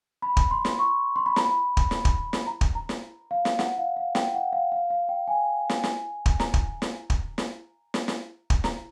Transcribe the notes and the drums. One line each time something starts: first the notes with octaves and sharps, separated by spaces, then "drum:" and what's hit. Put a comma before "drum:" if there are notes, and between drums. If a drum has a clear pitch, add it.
B5
drum: kick
C6
drum: snare
C#6
C6
B5
A#5, drum: snare
B5
drum: kick
drum: snare
drum: kick
drum: snare
A#5
drum: kick
A#5
drum: snare
F5
drum: snare
F#5, drum: snare
F5
F5
G5, drum: snare
F#5
F5
F5
F5
G5
G#5
drum: snare
drum: snare
drum: kick
A#5, drum: snare
drum: kick
drum: snare
drum: kick
drum: snare
drum: snare
drum: snare
drum: kick
A#5, drum: snare